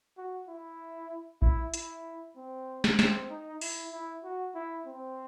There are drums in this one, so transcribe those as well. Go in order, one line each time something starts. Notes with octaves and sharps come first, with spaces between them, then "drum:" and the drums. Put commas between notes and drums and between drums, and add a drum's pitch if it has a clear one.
F#4
E4
E4, drum: kick A1
E4, drum: hi-hat
C4
drum: snare
C4, drum: snare
D#4
E4, drum: open hi-hat
E4
F#4
E4
C4